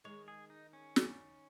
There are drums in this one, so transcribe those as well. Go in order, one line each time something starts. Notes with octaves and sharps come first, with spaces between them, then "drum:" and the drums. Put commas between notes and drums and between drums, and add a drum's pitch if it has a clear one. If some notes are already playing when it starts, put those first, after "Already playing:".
D#3 G#3 C#5
G#4
D#4
C#4
drum: snare